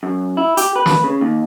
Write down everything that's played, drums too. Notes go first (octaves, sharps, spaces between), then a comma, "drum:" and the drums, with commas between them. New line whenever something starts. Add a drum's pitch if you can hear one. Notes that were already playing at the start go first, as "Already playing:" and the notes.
F#2
E4
G4, drum: hi-hat
B4
drum: snare
C#3
D#2